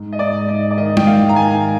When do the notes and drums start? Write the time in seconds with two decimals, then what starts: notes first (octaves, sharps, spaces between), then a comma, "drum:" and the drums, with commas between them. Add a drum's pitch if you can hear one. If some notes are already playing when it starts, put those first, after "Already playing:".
Already playing: G#2
0.13 D#5
0.19 G#2 D5
0.49 G#2 D#5
0.71 D5
0.78 D#3 D#5
0.97 G5, drum: tom G#3
1.07 G#2 F5
1.29 A#5
1.36 D#3 G#5